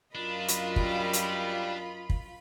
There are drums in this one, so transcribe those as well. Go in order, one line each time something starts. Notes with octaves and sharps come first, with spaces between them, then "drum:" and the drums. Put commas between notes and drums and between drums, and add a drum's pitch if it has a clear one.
F#2 D4 F4 A#4 D#5 B5
drum: hi-hat
G3, drum: kick
drum: hi-hat
drum: kick